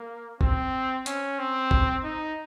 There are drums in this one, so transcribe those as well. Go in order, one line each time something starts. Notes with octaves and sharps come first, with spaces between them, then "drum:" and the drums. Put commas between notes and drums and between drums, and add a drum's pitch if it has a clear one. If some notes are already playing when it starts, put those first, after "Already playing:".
Already playing: A#3
C4, drum: kick
C#4, drum: hi-hat
C4
drum: kick
D#4